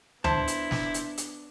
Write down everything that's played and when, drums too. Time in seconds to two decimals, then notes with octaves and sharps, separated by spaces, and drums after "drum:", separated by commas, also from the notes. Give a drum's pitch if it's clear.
0.24 B3 D4 E4 C5 A5, drum: tom
0.48 drum: hi-hat
0.71 drum: snare
0.94 drum: hi-hat
1.18 drum: hi-hat